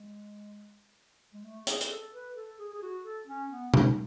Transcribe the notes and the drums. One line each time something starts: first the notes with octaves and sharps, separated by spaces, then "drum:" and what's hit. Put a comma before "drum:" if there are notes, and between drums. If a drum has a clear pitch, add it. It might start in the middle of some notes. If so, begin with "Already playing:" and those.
Already playing: G#3
G#3
A3
G#4, drum: hi-hat
drum: hi-hat
A4
B4
A4
G#4
G#4
F#4
A4
C#4
B3
D#4, drum: tom B2